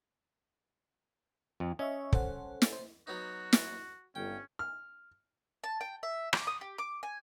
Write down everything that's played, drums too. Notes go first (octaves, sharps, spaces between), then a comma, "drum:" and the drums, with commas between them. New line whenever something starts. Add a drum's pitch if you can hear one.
F2
C#4 D#5 E5 C#6
A4 C5 F#5, drum: kick
drum: snare
C5
F#3 B3 D#4 F#4
drum: snare
G1 C#4 G5
F6
A5
G5
E5
D6, drum: rim click
D#6
G4
D6
G#5